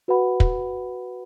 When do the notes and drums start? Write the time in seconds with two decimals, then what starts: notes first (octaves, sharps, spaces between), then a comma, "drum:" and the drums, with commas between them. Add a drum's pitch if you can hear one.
0.08 F#4 B4 F#5 B5
0.40 drum: kick